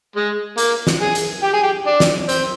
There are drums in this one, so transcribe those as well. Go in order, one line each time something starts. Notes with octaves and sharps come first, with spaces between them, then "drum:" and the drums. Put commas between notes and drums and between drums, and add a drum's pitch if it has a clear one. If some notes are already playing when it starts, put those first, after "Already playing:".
G#3
A#3, drum: hi-hat
drum: snare
G#4
drum: hi-hat
G4
G#4
G4
D4
drum: snare
C4, drum: hi-hat